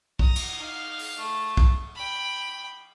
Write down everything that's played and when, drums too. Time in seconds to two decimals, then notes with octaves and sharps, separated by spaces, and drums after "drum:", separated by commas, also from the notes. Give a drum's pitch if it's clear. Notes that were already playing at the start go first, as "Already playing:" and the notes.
0.19 A#5 D#6, drum: kick
0.36 drum: cymbal
0.61 D#4 F5
0.99 drum: open hi-hat
1.18 A3
1.57 drum: kick
1.95 G5 B5